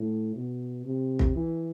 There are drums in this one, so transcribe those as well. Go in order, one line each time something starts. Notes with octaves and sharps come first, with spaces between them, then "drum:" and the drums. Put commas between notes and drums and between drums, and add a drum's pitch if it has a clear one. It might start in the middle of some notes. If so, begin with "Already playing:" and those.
Already playing: A2
B2
C3
drum: kick
E3